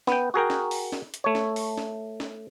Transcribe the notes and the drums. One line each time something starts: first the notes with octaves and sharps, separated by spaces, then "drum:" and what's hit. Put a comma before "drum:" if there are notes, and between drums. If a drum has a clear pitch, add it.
B3 G5, drum: snare
F#4 G#4 A#4 G5
drum: snare
drum: open hi-hat
drum: snare
drum: hi-hat
A3 C#5
drum: snare
drum: open hi-hat
drum: snare
drum: snare